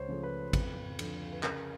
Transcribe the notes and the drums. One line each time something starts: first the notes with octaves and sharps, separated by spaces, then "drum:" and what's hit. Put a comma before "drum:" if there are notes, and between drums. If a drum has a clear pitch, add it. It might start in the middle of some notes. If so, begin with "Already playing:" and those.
Already playing: C#2 C5 C#5
C#3 F3 A3
B4
F2, drum: kick, cymbal
D3 F3, drum: cymbal
B4
C#3 A#4, drum: clap